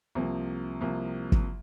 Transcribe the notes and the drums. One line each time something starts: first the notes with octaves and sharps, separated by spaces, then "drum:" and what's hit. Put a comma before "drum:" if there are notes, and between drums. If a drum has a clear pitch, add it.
C2 C3 F3 A#3
C2 C3 F3 A#3
drum: kick